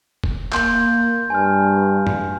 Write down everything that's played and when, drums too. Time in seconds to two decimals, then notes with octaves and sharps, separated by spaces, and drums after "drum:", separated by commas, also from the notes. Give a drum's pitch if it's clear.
0.24 drum: kick E1
0.53 A#3 C6 G6, drum: clap
1.30 G2 G#5 F6
2.07 drum: tom F#2